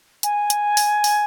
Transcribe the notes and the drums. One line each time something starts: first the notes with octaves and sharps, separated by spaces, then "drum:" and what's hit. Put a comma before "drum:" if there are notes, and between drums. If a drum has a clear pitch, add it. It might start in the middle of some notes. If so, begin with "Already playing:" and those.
G#5, drum: hi-hat
drum: hi-hat
drum: open hi-hat
drum: open hi-hat